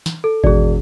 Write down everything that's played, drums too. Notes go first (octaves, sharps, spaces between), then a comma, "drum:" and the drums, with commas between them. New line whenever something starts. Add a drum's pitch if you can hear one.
drum: snare
A4
E1 G#4 D5, drum: kick G#1